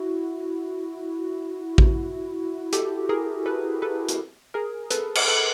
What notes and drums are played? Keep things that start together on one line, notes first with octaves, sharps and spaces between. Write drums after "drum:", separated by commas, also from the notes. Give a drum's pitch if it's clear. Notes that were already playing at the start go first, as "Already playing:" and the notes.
Already playing: E4 F#4
drum: kick A1
G4 A4, drum: hi-hat
G#4 A#4
A4 B4
A4 B4
drum: hi-hat
G#4 A#4
A4 B4, drum: hi-hat
drum: cymbal
A4 B4